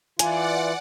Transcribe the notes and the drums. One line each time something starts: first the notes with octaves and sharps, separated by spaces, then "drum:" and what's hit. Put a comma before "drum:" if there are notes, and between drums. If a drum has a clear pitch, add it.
E3 F4 D5 F#5 G#5, drum: hi-hat